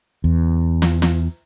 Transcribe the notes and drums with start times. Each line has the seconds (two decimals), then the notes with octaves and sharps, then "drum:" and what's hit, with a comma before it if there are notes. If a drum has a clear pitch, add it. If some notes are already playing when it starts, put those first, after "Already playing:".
0.24 E2
0.82 drum: snare
1.02 drum: snare